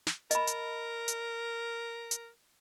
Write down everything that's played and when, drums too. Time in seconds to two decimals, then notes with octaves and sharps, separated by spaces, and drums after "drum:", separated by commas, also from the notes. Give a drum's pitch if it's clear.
0.07 drum: snare
0.31 A#4 D#5 B5, drum: hi-hat
0.47 drum: hi-hat
1.08 drum: hi-hat
2.11 drum: hi-hat